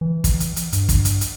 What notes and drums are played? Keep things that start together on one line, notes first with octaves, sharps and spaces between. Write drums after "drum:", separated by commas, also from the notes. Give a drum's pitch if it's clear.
E3
drum: kick, hi-hat
drum: hi-hat
drum: hi-hat
G2, drum: hi-hat
drum: kick, hi-hat
drum: hi-hat
drum: hi-hat